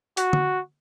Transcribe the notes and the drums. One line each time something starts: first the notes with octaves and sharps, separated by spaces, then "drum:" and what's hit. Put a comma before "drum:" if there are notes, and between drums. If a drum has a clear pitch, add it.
F#4, drum: hi-hat
drum: tom D3